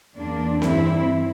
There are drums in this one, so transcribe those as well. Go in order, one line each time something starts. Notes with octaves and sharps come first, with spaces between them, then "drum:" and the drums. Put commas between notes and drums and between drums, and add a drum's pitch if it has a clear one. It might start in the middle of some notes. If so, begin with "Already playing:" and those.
E2 E3 A#3 D4
G2 E3 C4 E4, drum: snare C4